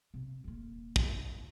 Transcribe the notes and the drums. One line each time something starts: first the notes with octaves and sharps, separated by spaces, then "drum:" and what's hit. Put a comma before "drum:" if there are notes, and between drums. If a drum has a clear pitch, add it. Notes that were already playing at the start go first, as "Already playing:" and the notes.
C3
D#1 A#3
C#3, drum: kick